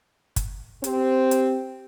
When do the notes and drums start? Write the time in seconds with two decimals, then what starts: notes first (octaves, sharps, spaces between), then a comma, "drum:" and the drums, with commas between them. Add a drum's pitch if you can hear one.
0.36 drum: kick G1, hi-hat
0.84 C4 G4, drum: hi-hat
1.31 drum: hi-hat